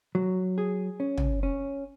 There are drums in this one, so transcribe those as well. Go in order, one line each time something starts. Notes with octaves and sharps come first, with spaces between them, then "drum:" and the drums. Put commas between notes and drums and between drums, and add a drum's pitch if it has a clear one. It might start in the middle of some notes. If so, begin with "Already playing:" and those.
F#3
G#4
C#4
drum: tom
C#4